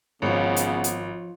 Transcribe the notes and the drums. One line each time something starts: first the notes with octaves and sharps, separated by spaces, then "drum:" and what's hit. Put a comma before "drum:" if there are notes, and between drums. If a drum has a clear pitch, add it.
G#1 C#3 F3 B3 C#5
drum: hi-hat
drum: hi-hat